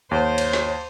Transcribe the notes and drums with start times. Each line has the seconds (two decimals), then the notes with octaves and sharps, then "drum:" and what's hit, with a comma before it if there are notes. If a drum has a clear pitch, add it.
0.11 D#2 C5 C#5
0.38 drum: cymbal
0.53 drum: snare